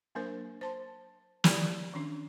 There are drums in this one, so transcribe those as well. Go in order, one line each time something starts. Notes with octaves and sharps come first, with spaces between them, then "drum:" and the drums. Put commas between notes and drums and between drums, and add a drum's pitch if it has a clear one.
F#3 A#3 D4 A#4 C5
C5 A5 C6
E4 G4 D5, drum: snare
D#3 C#4 D4